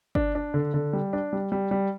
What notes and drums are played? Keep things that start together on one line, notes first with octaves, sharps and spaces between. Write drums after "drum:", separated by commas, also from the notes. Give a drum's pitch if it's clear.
D4, drum: kick G1
D4
D3
D3
G3
D4
G3
G3
G3